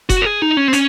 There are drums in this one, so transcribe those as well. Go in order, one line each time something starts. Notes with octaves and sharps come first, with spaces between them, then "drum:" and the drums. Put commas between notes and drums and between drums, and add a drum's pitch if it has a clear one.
F#4, drum: kick F1, hi-hat
A#4
G#4
D#4
C#4
C4
C#4, drum: hi-hat